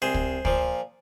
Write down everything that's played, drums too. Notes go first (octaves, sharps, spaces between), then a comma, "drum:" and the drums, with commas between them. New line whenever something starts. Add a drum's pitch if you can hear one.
C2 G#4 C5
drum: kick
A#2 F3, drum: kick